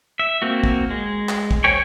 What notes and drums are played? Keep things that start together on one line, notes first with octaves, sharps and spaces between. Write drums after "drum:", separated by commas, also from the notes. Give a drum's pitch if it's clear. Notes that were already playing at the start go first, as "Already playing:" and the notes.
E5
A#3 C4 F#4
drum: kick
G#3
drum: clap
drum: kick
C5 C#5 G5 G#5 C#6